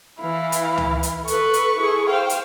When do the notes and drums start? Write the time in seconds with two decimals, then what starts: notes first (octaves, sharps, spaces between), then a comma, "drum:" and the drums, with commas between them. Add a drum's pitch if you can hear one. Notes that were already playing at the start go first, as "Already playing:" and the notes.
0.21 E3 E4 F5
0.52 drum: hi-hat
0.78 drum: tom C#2
1.03 drum: hi-hat
1.28 A4 B4 C#6, drum: hi-hat
1.54 drum: hi-hat
1.79 E4 G#4 A4
2.10 C5 F5 G5
2.30 drum: hi-hat